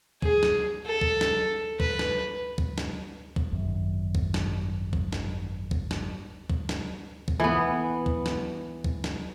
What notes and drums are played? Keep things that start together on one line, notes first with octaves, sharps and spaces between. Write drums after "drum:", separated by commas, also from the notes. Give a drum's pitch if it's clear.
G#4, drum: kick
drum: snare
A4
drum: kick
drum: snare
B4, drum: kick
drum: snare
drum: kick
drum: snare
drum: kick
G#1 F#2 D#3
drum: kick
drum: snare
drum: kick
drum: snare
drum: kick
drum: snare
drum: kick
drum: snare
drum: kick
E3 B3
drum: kick
drum: snare
drum: kick
drum: snare